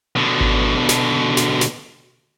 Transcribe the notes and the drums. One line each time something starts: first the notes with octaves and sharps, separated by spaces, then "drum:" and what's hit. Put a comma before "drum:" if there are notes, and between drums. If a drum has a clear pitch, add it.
B2 D3
drum: kick G#1
drum: snare
drum: snare
drum: snare